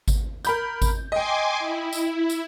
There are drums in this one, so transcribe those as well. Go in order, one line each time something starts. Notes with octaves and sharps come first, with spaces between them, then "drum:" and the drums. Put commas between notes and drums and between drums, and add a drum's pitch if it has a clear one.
drum: kick G#1, tambourine
A#4 B5 G6, drum: tambourine
drum: kick G#1, tambourine
D#5 G5 G#5 C6 D6
E4
drum: tambourine
drum: tambourine